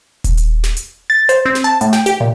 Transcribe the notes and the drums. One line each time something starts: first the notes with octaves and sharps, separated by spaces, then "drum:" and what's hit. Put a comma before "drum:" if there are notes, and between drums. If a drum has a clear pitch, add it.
drum: kick D#1, hi-hat
drum: hi-hat
drum: snare
drum: hi-hat
A6
C5, drum: hi-hat
C4
drum: snare
A5
A2, drum: hi-hat
G5, drum: snare
G4, drum: hi-hat
A#2